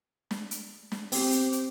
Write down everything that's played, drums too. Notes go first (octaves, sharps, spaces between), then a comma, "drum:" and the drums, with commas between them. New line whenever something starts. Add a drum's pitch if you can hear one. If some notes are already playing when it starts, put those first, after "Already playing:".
drum: snare
drum: hi-hat
drum: snare
C4 G4, drum: open hi-hat
drum: hi-hat
drum: hi-hat